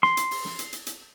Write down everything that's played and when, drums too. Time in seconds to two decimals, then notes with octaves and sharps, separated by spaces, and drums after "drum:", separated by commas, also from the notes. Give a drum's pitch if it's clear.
0.03 C6, drum: snare
0.17 drum: hi-hat
0.31 drum: open hi-hat
0.45 drum: snare
0.59 drum: hi-hat
0.73 drum: hi-hat
0.87 drum: hi-hat